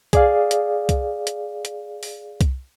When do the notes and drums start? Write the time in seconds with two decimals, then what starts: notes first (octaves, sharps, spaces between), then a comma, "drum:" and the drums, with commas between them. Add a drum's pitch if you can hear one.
0.13 G#4 D5 F5, drum: kick C2, hi-hat
0.51 drum: hi-hat
0.89 drum: kick C2, hi-hat
1.27 drum: hi-hat
1.65 drum: hi-hat
2.03 drum: open hi-hat
2.41 drum: kick C2, hi-hat